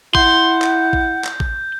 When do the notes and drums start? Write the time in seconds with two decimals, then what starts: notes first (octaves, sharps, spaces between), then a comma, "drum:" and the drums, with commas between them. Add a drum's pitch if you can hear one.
0.15 E4 F#5 C6 G6, drum: kick A1
0.62 drum: clap
0.93 drum: kick A1
1.24 drum: clap
1.40 drum: kick A1